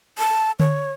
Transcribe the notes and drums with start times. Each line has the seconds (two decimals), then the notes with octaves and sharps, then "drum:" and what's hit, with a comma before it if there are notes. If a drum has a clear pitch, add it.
0.18 A5
0.60 C#5, drum: tom D3